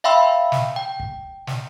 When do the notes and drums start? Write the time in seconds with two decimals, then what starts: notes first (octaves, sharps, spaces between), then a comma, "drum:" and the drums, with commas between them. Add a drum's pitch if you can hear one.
0.04 E5 F5 G5 B5 C6 E6
0.52 drum: snare
0.76 G5
1.00 drum: kick
1.47 drum: snare